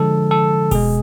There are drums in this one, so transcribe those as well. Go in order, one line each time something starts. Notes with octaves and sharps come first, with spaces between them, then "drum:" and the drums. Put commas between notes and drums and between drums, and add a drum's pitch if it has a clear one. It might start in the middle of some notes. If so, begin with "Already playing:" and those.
Already playing: D3 F3 G#3 A4
A4
B2 G#3 G#4, drum: kick E1, open hi-hat